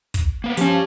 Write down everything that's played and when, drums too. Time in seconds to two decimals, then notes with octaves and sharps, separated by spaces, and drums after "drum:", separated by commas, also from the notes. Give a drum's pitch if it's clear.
0.14 drum: kick, hi-hat
0.44 A#3 B3
0.57 F3 C#4 G4 A5, drum: hi-hat